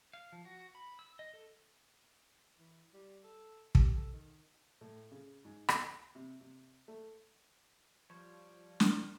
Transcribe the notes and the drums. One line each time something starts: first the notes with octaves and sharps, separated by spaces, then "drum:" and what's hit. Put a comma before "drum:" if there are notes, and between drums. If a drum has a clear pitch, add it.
F5
F3
F#4
B5
E6
D#5
A4
E3
G3
A4
G4, drum: kick
A4
D#3
A2
C#3
G#2
drum: rim click
B5
C3
C3
A3
F3 G3 C5 C#5
drum: snare